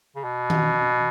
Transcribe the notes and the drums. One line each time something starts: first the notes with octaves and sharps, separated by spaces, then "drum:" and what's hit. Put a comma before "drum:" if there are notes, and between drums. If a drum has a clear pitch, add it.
C#3
B2
drum: tom D#3